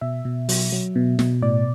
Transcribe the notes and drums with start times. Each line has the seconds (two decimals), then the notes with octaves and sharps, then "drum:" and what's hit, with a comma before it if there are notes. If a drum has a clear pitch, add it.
0.01 B2 E5
0.25 B2
0.49 F#3, drum: open hi-hat
0.72 F#3
0.96 B2
1.19 B2, drum: snare
1.42 A2 D5